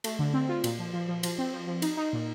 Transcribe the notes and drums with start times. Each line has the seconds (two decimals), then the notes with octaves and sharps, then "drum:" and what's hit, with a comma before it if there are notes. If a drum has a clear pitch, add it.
0.04 A3, drum: cymbal
0.19 D3
0.34 C4
0.49 F4
0.64 A#2, drum: cymbal
0.79 F3
0.94 F3
1.08 F3
1.23 F3, drum: cymbal
1.38 C4
1.53 F3
1.67 F3
1.82 D#4, drum: cymbal
1.97 D#4
2.13 A#2